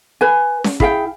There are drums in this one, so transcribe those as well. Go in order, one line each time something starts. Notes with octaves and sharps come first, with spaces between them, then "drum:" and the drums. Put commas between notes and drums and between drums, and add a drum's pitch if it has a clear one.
B4 G#5
drum: snare C#4
E4 G#4 F5 G5, drum: kick